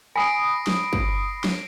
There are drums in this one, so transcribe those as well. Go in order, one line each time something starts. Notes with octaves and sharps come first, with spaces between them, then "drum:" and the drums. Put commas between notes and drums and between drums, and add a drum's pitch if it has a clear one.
G#5 B5 D#6 A#6 C7 D7
drum: snare
drum: kick
drum: snare